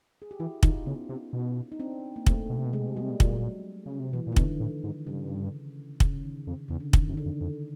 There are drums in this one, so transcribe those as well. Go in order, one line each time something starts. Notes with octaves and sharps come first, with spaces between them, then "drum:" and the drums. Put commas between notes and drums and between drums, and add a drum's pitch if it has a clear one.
G#4
G4
E3 E4 F#4
D#3 D#4 F4, drum: kick
C#3 B3 C#4
C3
B2
D#4
C4 D4
A#3
C3 A3, drum: kick
B2
C3
B2
C3 G#3
B2
C3
B2 G3
C3
B2
A#2 F#3, drum: kick
C#3
C3
B2 E3
A#2
D#3
B2 D3, drum: kick
A2
G#2
G2 C#3
C#3, drum: kick
D#3
F2
E2 C#3
D3
D#3, drum: kick
F#2
D3
F2
F2